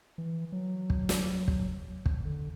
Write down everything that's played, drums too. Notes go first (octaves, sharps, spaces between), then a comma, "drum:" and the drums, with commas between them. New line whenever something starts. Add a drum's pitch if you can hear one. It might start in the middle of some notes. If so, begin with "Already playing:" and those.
E3
F#3
drum: kick
drum: snare
drum: kick
drum: kick
D3